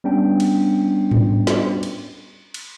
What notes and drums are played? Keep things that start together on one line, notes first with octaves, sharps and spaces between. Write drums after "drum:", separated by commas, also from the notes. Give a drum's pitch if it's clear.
G3 B3 C#4 D4 G5
drum: cymbal
drum: tom G#2
drum: snare
drum: cymbal
drum: cymbal